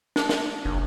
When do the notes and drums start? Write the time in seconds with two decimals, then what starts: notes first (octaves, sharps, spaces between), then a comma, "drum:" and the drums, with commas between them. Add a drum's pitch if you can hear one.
0.16 D4, drum: snare
0.29 drum: snare
0.65 F#1